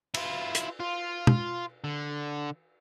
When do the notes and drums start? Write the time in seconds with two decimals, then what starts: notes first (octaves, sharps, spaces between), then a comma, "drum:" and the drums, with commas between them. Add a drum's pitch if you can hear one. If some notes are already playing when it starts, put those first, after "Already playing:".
0.14 E4 F4, drum: cymbal
0.55 drum: hi-hat
0.80 F4
1.27 drum: tom B2
1.84 D3